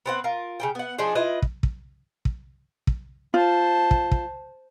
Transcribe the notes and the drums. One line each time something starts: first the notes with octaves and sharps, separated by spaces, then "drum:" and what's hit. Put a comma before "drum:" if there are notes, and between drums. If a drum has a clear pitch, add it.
B3 C4 F#5
F4 A#4
C#3 B3 G5
B3 F#5
F3 D4 D#4 G#4
E4 F4 B4 D#5
drum: kick
drum: kick
drum: kick
drum: kick
F4 C5 A5
drum: kick
drum: kick